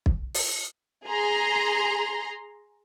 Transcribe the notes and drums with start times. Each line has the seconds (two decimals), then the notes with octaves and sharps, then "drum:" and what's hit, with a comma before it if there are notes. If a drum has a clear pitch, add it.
0.06 drum: kick
0.34 drum: open hi-hat
1.05 G#4 A#5 C6